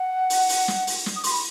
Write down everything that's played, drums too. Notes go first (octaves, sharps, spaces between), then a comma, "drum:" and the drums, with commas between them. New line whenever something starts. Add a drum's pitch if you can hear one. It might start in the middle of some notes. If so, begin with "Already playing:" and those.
Already playing: F#5
drum: open hi-hat
drum: open hi-hat
drum: snare
drum: open hi-hat
drum: snare
D#6
C6, drum: open hi-hat
B5